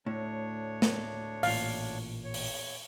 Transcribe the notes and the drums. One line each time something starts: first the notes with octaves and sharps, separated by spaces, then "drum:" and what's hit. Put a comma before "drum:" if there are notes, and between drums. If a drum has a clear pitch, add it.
D2 A2 D4 C#5
drum: snare
A1 A#2 F5, drum: open hi-hat
E2 C#5
drum: open hi-hat